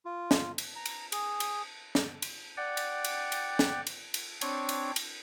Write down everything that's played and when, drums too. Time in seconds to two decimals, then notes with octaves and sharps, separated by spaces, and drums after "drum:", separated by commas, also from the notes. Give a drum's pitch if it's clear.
0.05 F4
0.31 drum: snare
0.58 drum: cymbal
0.76 A#5
0.86 drum: cymbal
1.12 G#4, drum: cymbal
1.40 drum: cymbal
1.95 drum: snare
2.22 drum: cymbal
2.57 D5 F#5 G5
2.77 drum: cymbal
3.05 drum: cymbal
3.32 drum: cymbal
3.59 drum: snare
3.87 drum: cymbal
4.14 drum: cymbal
4.41 C4 D4 C#5, drum: cymbal
4.69 drum: cymbal
4.96 drum: cymbal